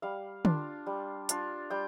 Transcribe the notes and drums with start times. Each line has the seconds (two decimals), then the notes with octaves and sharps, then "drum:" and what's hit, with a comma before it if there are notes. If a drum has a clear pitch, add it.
0.02 G3 F5
0.45 D4 F4, drum: tom
0.86 G3
1.29 D4 F4, drum: hi-hat
1.70 G3 G5